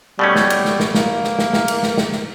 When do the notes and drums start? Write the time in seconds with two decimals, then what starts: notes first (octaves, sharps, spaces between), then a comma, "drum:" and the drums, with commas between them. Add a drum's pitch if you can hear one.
0.19 B2 G3 A3 C#4
0.36 drum: snare
0.50 drum: cymbal
0.65 drum: snare
0.80 drum: snare
0.94 A#3, drum: snare
1.24 drum: snare
1.39 drum: snare
1.53 drum: snare
1.68 drum: cymbal
1.83 drum: snare
1.98 drum: snare
2.12 drum: snare